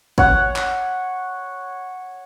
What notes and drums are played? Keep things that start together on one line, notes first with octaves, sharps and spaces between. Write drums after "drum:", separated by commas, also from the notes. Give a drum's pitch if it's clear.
C#5 F#5, drum: kick G1
drum: clap